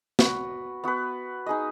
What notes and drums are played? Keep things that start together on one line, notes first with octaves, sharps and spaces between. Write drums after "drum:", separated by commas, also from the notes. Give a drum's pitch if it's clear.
B3 F#4 B4, drum: snare
B3 F#4 B4
D#4 G#4 D#5